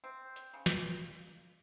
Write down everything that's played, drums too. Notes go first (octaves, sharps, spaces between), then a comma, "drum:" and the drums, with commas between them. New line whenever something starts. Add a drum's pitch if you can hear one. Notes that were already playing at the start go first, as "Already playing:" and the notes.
C4
drum: hi-hat
C#3
drum: snare